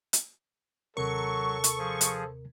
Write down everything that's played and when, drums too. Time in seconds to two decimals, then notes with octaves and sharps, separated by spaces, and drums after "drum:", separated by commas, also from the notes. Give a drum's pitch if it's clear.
0.13 drum: hi-hat
0.97 D#2 C3 F#3 A4 A#4 C#6
1.64 drum: hi-hat
1.78 F3 G#4
2.01 drum: hi-hat